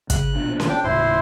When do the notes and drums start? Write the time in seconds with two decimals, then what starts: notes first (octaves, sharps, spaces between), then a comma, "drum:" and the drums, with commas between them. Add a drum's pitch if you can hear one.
0.10 C#3 F#6, drum: kick, hi-hat
0.35 A#1 B2 D4
0.60 drum: snare C#4
0.69 D4 G5 D6
0.84 D#1 A2 C#3 E4 C5 C6